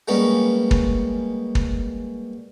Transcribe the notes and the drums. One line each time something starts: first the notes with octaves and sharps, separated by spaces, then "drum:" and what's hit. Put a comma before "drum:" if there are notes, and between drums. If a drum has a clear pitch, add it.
G3 G#3 A#3 B3 C#4
drum: kick
drum: kick